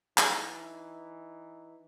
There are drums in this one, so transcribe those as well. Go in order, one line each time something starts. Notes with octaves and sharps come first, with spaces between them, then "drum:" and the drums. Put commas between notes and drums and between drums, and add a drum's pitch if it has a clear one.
E3 D#4, drum: clap